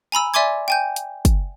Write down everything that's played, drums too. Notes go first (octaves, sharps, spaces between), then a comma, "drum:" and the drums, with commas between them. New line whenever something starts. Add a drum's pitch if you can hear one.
G#5 A#5 B5 E6
D5 E5 G#5 C6 D6 G#6
G5 G#5 G6
drum: hi-hat
drum: kick, hi-hat